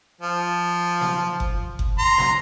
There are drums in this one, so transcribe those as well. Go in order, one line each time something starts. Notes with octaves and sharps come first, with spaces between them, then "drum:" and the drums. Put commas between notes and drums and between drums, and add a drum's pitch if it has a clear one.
F3
drum: snare
drum: kick F#1
drum: kick F#1
A#5 C6
drum: snare